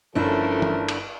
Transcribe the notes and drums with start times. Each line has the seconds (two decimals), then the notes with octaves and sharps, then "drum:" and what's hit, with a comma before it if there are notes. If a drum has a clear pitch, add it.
0.15 G1 F3 A3 C#4 D4 E4 A4 A#4
0.62 drum: tom
0.88 drum: cymbal